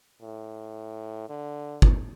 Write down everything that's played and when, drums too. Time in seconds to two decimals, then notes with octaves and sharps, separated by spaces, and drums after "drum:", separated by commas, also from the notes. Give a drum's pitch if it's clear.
0.22 A2
1.29 D3
1.82 drum: kick G1